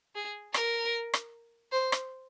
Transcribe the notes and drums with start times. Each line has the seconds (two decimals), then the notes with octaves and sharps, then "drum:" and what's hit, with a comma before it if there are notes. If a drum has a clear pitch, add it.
0.16 G#4
0.54 A#4, drum: rim click
1.14 drum: rim click
1.72 C5
1.92 drum: rim click